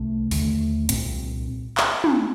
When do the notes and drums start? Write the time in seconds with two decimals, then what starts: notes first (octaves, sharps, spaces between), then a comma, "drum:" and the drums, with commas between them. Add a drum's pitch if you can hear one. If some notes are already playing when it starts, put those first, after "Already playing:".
Already playing: C2 C3 A3
0.31 D#2 D3 A3, drum: open hi-hat
0.89 C2 A#2 C4, drum: hi-hat
1.77 drum: clap
2.04 drum: tom